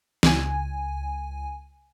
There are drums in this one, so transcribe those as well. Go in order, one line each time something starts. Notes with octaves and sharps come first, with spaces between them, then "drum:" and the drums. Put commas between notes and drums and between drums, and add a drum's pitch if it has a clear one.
C#2 G#5, drum: snare